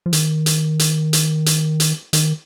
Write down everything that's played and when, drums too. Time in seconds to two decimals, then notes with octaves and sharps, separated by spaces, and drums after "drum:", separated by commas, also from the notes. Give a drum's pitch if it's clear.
0.06 F3
0.13 D#3, drum: hi-hat
0.46 drum: hi-hat
0.79 drum: hi-hat
1.13 drum: hi-hat
1.46 drum: hi-hat
1.80 drum: hi-hat
2.13 D#3, drum: hi-hat